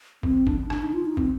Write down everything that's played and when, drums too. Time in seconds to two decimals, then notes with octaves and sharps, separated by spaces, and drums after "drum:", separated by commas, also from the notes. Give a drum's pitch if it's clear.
0.23 C4, drum: kick
0.47 D4, drum: kick
0.70 D4, drum: rim click
0.82 D#4
0.94 F4
1.05 D#4
1.17 C4, drum: kick